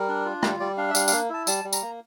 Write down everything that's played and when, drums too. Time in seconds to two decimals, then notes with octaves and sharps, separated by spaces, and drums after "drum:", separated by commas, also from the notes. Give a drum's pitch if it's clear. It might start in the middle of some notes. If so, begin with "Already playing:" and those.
Already playing: G3 A#4
0.08 D4
0.26 F4
0.43 G3, drum: rim click
0.60 G3 D5
0.77 D4 F5
0.90 E5
0.95 G3 F5, drum: tambourine
1.08 A#3 F5, drum: tambourine
1.30 E4 A5
1.47 G3 A5, drum: tambourine
1.64 G3
1.73 A#5, drum: tambourine
1.82 A#3